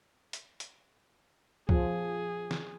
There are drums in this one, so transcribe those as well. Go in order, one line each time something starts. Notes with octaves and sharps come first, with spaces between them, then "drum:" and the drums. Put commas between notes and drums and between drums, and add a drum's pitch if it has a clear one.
drum: hi-hat
drum: hi-hat
F3 G#4, drum: kick
drum: snare